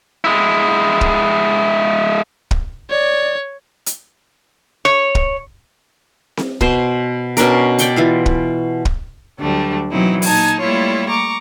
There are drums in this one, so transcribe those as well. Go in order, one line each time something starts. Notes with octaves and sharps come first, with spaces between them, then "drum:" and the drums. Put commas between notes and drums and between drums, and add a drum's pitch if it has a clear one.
G#3 E4
drum: kick
drum: kick
C#5 D5
drum: hi-hat
C#5
drum: kick
drum: snare C4
B2 C5, drum: kick
B2 C#4 D4 A#4, drum: hi-hat
D5 G5 C#6, drum: hi-hat
E3 F4 F5
drum: kick
drum: kick
D2 D3 F#3 G3 A3 D4
B2 E3 F#3 C4 D#4 E4
A#2 D#4 G#5 A5, drum: open hi-hat
G3 A3 A#3 E4 F4 C#5
A#5 C#6 D6